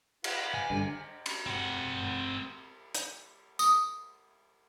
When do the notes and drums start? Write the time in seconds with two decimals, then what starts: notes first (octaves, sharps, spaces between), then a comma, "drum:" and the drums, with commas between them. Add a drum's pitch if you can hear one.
0.24 F4 B4 F#5, drum: cymbal
0.54 G#5
0.70 G2 D3 D5
1.26 drum: cymbal
1.46 C4 F#5
2.95 drum: hi-hat
3.59 D#6, drum: tambourine